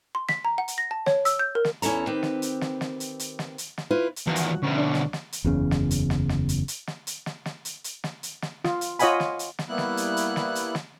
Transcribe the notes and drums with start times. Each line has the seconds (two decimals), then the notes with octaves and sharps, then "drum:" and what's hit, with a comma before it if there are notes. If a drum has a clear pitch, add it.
0.15 C6
0.29 B6, drum: snare
0.45 A#5
0.58 F#5
0.68 drum: hi-hat
0.78 A#6
0.91 A5
1.06 C#5, drum: snare
1.25 E6, drum: hi-hat
1.39 G6
1.55 A#4
1.65 drum: snare
1.82 E2 C#4 E4 A4 A#5, drum: hi-hat
2.07 D#3 C4 G4 B4
2.23 drum: snare
2.42 drum: hi-hat
2.61 drum: snare
2.81 drum: snare
3.00 drum: hi-hat
3.19 drum: hi-hat
3.39 drum: snare
3.58 drum: hi-hat
3.78 drum: snare
3.91 E4 F4 B4
4.16 drum: hi-hat
4.26 E2 D#3 F3 F#4 F#5
4.36 drum: hi-hat
4.62 D2 B2 C#4 C5
4.78 D4 C#5
4.94 drum: snare
5.13 drum: snare
5.32 drum: hi-hat
5.44 F#1 E2 C#3
5.71 drum: snare
5.91 drum: hi-hat
6.10 drum: snare
6.29 drum: snare
6.49 drum: hi-hat
6.68 drum: hi-hat
6.87 drum: snare
7.07 drum: hi-hat
7.26 drum: snare
7.46 drum: snare
7.65 drum: hi-hat
7.84 drum: hi-hat
8.04 drum: snare
8.23 drum: hi-hat
8.42 drum: snare
8.64 F4, drum: snare
8.81 drum: hi-hat
8.99 F4 C#5 D#5 F#5 G#5 B5, drum: hi-hat
9.20 drum: snare
9.39 drum: hi-hat
9.59 drum: snare
9.69 G3 A#3 B3 E4 F#6
9.78 drum: snare
9.97 drum: hi-hat
10.17 drum: hi-hat
10.36 drum: snare
10.55 drum: hi-hat
10.75 drum: snare